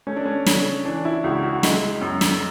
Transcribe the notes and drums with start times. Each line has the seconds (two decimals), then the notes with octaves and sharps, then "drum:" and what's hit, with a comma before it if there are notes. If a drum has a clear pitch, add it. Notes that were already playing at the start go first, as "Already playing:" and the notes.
0.07 A3 C#4
0.16 D4
0.25 C#4
0.46 C#3, drum: snare
0.85 E3 D4
1.05 E4
1.24 C#2 F#4
1.43 F#4
1.63 G#3 E4, drum: snare
2.01 F#2
2.21 drum: snare